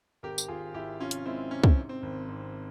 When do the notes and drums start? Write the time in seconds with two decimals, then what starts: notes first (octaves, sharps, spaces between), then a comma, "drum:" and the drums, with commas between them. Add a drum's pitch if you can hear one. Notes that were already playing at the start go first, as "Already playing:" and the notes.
0.23 G#1 G4 A#4
0.38 drum: tambourine
0.48 G#1 F4 G#4
0.74 G#1 E4 G4
1.00 C3 C#4 F4
1.11 drum: hi-hat
1.26 G#3 C4 E4
1.51 C3 C#4
1.64 C4, drum: kick
1.77 G#2
1.89 C4
2.03 G#1
2.28 G#2